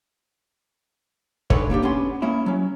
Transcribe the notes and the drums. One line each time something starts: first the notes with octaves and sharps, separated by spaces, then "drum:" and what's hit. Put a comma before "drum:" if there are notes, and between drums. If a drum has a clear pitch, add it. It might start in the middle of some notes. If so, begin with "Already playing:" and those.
D3 D#3 G#3 A4 B4 C#5, drum: kick
A#3 D4 F4 G4
B3 C#4 D4 C6
G#3 A#3 C#4 E4
F#3 C#4